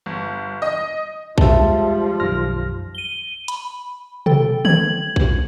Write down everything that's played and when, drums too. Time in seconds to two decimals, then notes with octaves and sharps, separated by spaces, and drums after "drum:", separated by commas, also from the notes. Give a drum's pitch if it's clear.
0.06 G1
0.62 D#5
1.38 F3 G3 G#3 E5 A5, drum: kick B1
2.20 B1 F#2 D#3 F6 A#6
2.95 D#7 G7
3.48 B5, drum: hi-hat
4.26 A4 G5, drum: tom
4.65 G#6 F#7, drum: tom D3
5.16 drum: kick B1